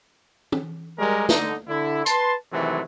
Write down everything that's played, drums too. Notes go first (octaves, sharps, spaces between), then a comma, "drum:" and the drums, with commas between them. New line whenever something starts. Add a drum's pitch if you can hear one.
drum: tom
G3 G#3 A#4
D3 D#4, drum: snare
D3 E4
B4 A5 C6, drum: hi-hat
C3 D#3 E3 F#3 G#3 A3